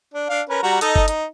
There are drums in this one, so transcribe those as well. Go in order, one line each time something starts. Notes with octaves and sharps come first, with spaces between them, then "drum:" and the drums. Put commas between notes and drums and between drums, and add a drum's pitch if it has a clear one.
D4
D4 F5
C#4 A#4 B4
G3 F#4 A#5
D#4 A4 D#5, drum: hi-hat
drum: kick G1
D#4, drum: hi-hat